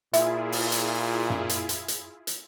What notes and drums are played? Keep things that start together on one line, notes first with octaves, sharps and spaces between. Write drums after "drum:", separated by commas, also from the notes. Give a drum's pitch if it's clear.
A#2 E4 F4 G#4 E5, drum: hi-hat
drum: open hi-hat
drum: hi-hat
drum: tom F#2
drum: hi-hat
drum: hi-hat
drum: hi-hat
drum: hi-hat